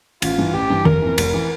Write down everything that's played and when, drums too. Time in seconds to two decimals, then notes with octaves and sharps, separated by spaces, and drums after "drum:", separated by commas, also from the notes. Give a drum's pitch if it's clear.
0.22 A1 F4, drum: cymbal
0.38 G2 E3
0.54 A1 G4
0.70 G2 E3
0.85 F1 A#4, drum: tom D#3
1.02 F2 E3
1.18 F1, drum: cymbal
1.34 E3